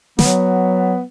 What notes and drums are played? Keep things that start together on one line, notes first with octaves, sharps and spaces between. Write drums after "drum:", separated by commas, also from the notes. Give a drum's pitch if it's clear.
F#3 B3, drum: snare